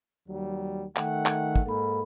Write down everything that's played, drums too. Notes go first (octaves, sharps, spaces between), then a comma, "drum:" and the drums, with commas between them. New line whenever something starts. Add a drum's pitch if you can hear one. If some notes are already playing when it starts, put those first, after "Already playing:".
D#2 F#3 G3
D#3 A3 F#5 G5, drum: clap
drum: clap
drum: kick
G#2 A#3 A4 B5